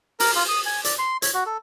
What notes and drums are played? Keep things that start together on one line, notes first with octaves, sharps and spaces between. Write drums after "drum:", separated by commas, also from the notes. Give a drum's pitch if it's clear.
A#4, drum: open hi-hat
F4
D#6
G#5
D5, drum: hi-hat
C6
C#5, drum: hi-hat
F#4
A4